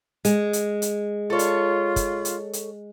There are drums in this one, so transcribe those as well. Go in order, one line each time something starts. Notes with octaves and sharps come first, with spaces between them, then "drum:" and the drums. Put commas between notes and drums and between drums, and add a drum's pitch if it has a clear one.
G#3, drum: hi-hat
drum: hi-hat
drum: hi-hat
F4 A4 C#5
drum: hi-hat
drum: kick, hi-hat
drum: hi-hat
drum: hi-hat